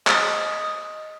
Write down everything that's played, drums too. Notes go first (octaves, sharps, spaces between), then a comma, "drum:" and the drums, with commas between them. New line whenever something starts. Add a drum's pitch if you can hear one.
D#5, drum: clap